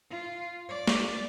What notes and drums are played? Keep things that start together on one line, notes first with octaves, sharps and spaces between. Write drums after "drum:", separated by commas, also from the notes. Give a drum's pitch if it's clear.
F4
D5
drum: snare